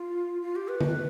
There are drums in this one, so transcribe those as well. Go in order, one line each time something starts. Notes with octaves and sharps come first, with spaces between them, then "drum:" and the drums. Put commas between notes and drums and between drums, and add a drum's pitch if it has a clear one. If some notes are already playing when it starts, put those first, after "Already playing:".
Already playing: F4
F4
G4
B4
drum: tom D3